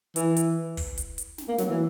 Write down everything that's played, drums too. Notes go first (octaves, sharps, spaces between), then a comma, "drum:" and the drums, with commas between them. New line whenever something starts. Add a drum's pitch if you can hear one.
E3, drum: hi-hat
drum: hi-hat
drum: kick, open hi-hat
drum: hi-hat
drum: hi-hat
drum: snare
A#3
F#3, drum: snare
E3